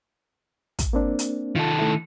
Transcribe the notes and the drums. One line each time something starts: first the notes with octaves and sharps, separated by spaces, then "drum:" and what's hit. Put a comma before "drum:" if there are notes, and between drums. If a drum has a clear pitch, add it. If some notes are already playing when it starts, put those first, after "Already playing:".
drum: kick, hi-hat
A#3 C4 D4
drum: hi-hat
D#3 F4 A4
A3 E4